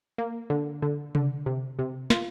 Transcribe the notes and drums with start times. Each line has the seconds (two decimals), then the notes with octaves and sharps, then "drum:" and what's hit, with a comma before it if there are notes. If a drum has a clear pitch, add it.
0.18 A#3
0.50 D3
0.82 D3
1.15 D3, drum: tom C3
1.46 C3
1.79 C3
2.10 F4, drum: snare